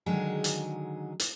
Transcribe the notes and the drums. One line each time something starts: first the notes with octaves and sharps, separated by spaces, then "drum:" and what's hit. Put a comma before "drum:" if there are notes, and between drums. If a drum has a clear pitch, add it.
D3 D#3 F#3 G#3 G#4
drum: hi-hat
drum: hi-hat